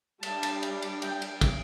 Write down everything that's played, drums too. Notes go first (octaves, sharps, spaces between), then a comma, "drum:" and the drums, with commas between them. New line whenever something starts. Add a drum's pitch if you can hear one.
G3 D4 A5, drum: cymbal
drum: cymbal
drum: cymbal
drum: cymbal
G5, drum: cymbal
drum: cymbal
drum: kick, cymbal